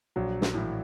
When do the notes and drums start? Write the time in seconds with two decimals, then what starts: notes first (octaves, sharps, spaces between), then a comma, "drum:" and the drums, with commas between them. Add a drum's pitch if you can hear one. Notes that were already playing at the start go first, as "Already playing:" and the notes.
0.16 A#1 F#3
0.42 drum: snare
0.54 A2 E3